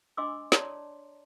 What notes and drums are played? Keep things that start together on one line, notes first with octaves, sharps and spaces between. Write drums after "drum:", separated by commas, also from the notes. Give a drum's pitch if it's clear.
D4 D#5 G#5 C6 D6 E6
C#5 D5 A5 A#5 C6, drum: snare